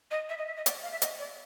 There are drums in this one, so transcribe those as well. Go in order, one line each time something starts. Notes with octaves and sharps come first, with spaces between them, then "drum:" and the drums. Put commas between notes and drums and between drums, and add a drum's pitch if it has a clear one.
D#5
E5
D#5
E5
D#5
D5, drum: hi-hat
F5
E5
D#5, drum: hi-hat
D5